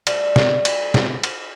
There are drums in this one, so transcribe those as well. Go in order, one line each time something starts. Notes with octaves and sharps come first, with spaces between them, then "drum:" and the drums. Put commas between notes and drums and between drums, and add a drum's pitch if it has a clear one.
G3 A3, drum: cymbal
drum: snare
drum: cymbal
drum: snare
drum: cymbal